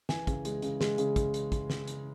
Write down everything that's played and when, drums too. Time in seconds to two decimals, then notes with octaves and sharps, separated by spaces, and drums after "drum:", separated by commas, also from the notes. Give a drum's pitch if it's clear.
0.09 E3 G#5, drum: snare
0.27 C#3, drum: kick, hi-hat
0.45 G#3, drum: hi-hat
0.62 C#3, drum: hi-hat
0.81 G#3, drum: snare
0.98 C#3, drum: hi-hat
1.16 drum: kick, hi-hat
1.34 drum: hi-hat
1.52 drum: kick, hi-hat
1.70 drum: snare
1.88 drum: hi-hat